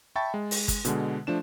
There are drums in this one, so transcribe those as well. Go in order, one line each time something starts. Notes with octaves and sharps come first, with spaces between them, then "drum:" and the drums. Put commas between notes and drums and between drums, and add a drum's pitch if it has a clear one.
E5 G5 A5 B5 C#6 A6
G#3
drum: open hi-hat
drum: kick G1, hi-hat
B2 D3 G#3, drum: hi-hat
F3 A3 D4 E7